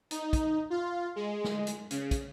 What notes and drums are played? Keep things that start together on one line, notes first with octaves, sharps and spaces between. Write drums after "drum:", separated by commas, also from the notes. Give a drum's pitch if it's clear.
D#4, drum: hi-hat
drum: kick, hi-hat
F4
G#3
drum: snare
drum: hi-hat
C#3, drum: hi-hat
drum: kick, hi-hat